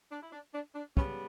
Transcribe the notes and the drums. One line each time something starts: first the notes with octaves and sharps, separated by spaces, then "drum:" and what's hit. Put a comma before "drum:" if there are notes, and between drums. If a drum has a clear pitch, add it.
D4
E4
D4
D4
D4
C#3 G3 B3 C#4, drum: kick